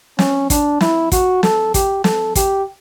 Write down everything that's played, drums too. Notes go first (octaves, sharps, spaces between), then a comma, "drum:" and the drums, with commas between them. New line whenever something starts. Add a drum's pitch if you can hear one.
C#4, drum: snare
D4, drum: kick, hi-hat
E4, drum: snare
F#4, drum: kick, hi-hat
A4, drum: snare
G4, drum: kick, hi-hat
A4, drum: snare
G4, drum: kick, hi-hat